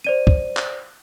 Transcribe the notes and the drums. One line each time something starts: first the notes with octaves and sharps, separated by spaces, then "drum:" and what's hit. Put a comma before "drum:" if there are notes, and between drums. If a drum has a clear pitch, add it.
C5 D5 D#7
drum: kick
drum: clap